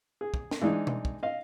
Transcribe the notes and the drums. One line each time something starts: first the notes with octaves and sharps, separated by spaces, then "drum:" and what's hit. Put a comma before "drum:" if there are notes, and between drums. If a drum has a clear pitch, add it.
G#4
drum: kick
drum: snare
E3 G#3 D4 D#4
drum: tom B2
drum: kick
D#5 F5